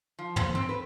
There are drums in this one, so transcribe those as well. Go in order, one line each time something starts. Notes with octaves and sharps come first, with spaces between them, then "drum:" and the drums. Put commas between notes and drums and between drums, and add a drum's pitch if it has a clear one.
F3
C5, drum: tom
C4
B4